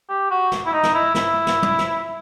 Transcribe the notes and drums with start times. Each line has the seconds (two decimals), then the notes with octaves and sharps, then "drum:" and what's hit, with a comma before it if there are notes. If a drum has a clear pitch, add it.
0.09 G4
0.31 F#4
0.52 drum: snare
0.66 E4
0.73 D#4
0.83 drum: snare
0.94 E4
1.15 E4, drum: snare
1.47 drum: snare
1.63 drum: tom
1.78 drum: snare